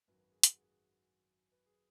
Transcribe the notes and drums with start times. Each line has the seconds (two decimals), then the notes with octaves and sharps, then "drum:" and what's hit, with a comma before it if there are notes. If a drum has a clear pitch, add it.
0.08 G#1 F#2 F#3 B4
0.19 B4
0.32 G#4
0.43 F#4, drum: hi-hat
0.56 G#4
0.64 F#4
0.72 G#4
1.52 B4
1.66 G#4